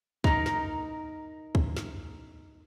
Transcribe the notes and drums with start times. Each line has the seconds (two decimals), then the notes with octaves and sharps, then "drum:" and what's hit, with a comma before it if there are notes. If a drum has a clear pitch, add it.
0.24 D#4 A#4, drum: kick
0.46 drum: snare
1.55 drum: kick
1.77 drum: snare